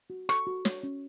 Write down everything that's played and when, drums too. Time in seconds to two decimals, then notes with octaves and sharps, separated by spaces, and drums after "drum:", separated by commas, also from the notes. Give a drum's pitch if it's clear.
0.10 F#4
0.29 A4 C#6, drum: rim click
0.47 F#4
0.65 C#5, drum: snare
0.83 C#4